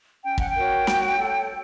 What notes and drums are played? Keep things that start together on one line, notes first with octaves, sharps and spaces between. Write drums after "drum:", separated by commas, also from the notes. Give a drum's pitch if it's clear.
C#4 G5
F#5, drum: kick
G5
F#4 A#4 C#5
F#4, drum: snare
A4 C#5